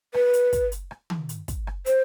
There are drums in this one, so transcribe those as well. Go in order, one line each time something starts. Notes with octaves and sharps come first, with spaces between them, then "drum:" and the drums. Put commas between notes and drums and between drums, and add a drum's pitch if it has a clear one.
B4, drum: rim click
drum: hi-hat
drum: kick, hi-hat
drum: hi-hat
drum: rim click
drum: tom D#3
drum: hi-hat
drum: kick, hi-hat
drum: rim click
C5, drum: hi-hat